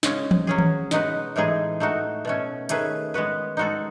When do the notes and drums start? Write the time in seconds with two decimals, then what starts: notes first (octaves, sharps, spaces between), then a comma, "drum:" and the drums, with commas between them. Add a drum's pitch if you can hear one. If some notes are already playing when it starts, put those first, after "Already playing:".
0.03 C#3 G#3 C#4, drum: snare
0.31 drum: tom E3
0.47 F#3 C#4 G#4
0.59 drum: tom D#3
0.91 B2 G#3 D#4 F#4 B4, drum: snare
1.36 A2 E3 G#3 D#4 G#4
1.80 A3 D#4 F#4
2.25 B2 A3 C#4
2.69 D#3 A3 C#4 G#4 B4, drum: hi-hat
3.14 G#3 B3 F#4 B4
3.57 G#3 D#4 F#4 A4